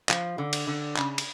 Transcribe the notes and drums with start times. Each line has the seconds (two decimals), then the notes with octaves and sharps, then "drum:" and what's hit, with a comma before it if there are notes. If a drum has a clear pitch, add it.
0.09 F3, drum: clap
0.38 D3
0.53 drum: cymbal
0.67 D3
0.97 C#3, drum: clap
1.18 drum: cymbal